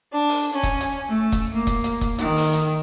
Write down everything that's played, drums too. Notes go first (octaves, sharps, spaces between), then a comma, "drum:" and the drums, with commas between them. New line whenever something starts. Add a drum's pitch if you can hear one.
D4
drum: open hi-hat
C#4
drum: kick, hi-hat
drum: hi-hat
A3
drum: kick, hi-hat
A#3
drum: kick, hi-hat
drum: hi-hat
drum: kick, hi-hat
D#3, drum: hi-hat
drum: open hi-hat
drum: hi-hat